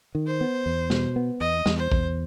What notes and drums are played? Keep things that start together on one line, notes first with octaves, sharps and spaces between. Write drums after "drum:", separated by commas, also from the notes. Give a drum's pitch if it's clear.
D#3
C5
B3
E2
B2, drum: snare
B3
E2 D#5
E2, drum: snare
C5
E2, drum: kick A#1